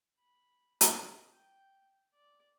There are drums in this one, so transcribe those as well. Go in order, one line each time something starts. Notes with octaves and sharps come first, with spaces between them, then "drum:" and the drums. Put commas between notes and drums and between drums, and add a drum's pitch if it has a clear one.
B5
D5, drum: hi-hat
G5
D5